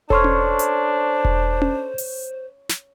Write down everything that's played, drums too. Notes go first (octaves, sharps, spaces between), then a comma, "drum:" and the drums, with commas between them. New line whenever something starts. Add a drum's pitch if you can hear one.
D4 A4 C5 C#5 C6 F6, drum: kick E1
drum: tom C#4
drum: hi-hat
drum: kick E1
drum: tom C#4
drum: open hi-hat
drum: snare